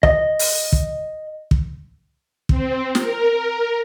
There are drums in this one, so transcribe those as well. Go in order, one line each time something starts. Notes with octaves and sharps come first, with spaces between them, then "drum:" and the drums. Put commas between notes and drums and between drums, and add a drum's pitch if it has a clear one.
D#5, drum: kick
drum: open hi-hat
drum: kick
drum: kick
C4, drum: kick
A#4, drum: snare